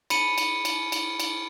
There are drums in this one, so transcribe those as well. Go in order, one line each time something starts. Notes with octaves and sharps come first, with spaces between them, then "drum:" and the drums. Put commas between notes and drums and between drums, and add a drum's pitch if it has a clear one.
B5 C#7 D#7, drum: cymbal
drum: cymbal
drum: cymbal
drum: cymbal
drum: cymbal